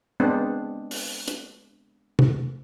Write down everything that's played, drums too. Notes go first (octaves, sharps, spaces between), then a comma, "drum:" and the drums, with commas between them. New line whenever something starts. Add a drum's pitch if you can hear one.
G#3 B3 C4 D4
drum: open hi-hat
drum: hi-hat
drum: tom C3